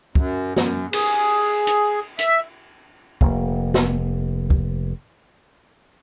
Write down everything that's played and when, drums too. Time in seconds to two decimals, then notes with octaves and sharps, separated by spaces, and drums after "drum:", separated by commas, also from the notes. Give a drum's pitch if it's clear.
0.15 F#2, drum: kick
0.56 F#2, drum: snare
0.93 G#4, drum: cymbal
1.67 drum: hi-hat
2.19 E5, drum: hi-hat
3.21 F1 A#3, drum: kick
3.74 drum: snare
4.50 drum: kick